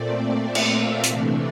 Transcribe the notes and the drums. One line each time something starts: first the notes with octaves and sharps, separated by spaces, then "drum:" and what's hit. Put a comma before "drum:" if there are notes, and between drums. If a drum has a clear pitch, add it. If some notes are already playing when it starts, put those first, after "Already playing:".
Already playing: A#2 A3 C4 D5
E5
drum: cymbal
F5
C3 E3 A3 D4, drum: hi-hat